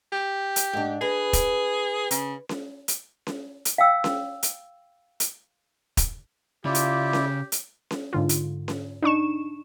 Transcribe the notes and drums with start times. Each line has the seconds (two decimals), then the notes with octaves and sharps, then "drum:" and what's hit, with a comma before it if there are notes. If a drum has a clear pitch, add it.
0.12 G4
0.56 drum: hi-hat
0.73 G#2 D4
1.01 G#4 B4
1.33 drum: kick, hi-hat
2.11 C#3, drum: hi-hat
2.49 drum: snare C#4
2.88 drum: hi-hat
3.27 drum: snare C#4
3.65 drum: hi-hat
3.78 F5 G5 E6
4.04 drum: snare C#4
4.43 drum: hi-hat
5.20 drum: hi-hat
5.97 drum: kick, hi-hat
6.65 C#3 E4 F4 G4 D5
6.75 drum: hi-hat
7.13 drum: snare C#4
7.52 drum: hi-hat
7.91 drum: snare C#4
8.13 G#2 D3 F4
8.29 drum: hi-hat
8.68 drum: snare C#4
9.02 D4 D#4 C#6 E7